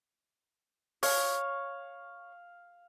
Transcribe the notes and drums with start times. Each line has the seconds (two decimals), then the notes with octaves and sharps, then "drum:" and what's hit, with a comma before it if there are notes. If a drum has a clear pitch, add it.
1.03 C#5 F5, drum: open hi-hat